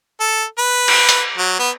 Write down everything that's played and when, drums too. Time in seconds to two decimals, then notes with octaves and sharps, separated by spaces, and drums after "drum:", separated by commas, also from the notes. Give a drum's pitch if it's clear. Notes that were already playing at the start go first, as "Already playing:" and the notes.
0.20 A4
0.58 B4
0.88 drum: cymbal
1.09 drum: hi-hat
1.37 F#3
1.59 B3